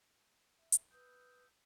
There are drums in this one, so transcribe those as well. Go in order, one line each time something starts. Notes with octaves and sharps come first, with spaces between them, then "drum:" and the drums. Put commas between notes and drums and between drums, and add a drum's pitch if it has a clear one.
E5
drum: hi-hat
B4 D#6 E6 G6